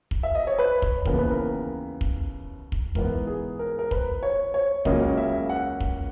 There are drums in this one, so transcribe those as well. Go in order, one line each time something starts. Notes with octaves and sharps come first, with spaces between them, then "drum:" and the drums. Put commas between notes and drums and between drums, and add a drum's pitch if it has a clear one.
drum: kick
E5
D#5
C#5
B4
drum: kick
D#2 C#3 E3 B3 A#4, drum: kick
B4
A#4
drum: kick
drum: kick
G#2 E3 B3 A#4, drum: kick
G#4
A#4
A#4
B4, drum: kick
C#5
C#5
C#2 C#3 F#3 A#3 C#4 D#5, drum: kick
E5
F#5
drum: kick